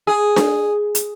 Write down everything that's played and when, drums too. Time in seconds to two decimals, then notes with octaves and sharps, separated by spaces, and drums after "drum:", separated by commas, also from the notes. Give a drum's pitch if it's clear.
0.07 G#4
0.36 drum: snare D4
0.95 drum: hi-hat